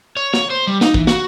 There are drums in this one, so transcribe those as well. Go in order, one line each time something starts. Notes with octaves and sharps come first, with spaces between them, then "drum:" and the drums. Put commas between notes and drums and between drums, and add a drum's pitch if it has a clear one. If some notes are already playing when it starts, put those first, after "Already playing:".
C#5
C#5, drum: snare
C5
G3
D#4, drum: snare
E3, drum: kick
F#4, drum: snare